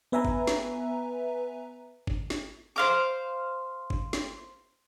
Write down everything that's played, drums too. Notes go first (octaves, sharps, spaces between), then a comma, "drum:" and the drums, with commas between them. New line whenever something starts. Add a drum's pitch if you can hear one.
B3 B4 E5 G#5 A#5
drum: kick
drum: snare
drum: kick
drum: snare
C5 F5 D6
drum: kick
drum: snare